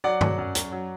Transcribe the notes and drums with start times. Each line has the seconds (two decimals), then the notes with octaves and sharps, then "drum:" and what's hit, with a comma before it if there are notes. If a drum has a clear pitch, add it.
0.04 F#3 D5 F#5
0.21 F#3, drum: tom G2
0.38 F#2
0.55 F#2, drum: hi-hat
0.72 F#3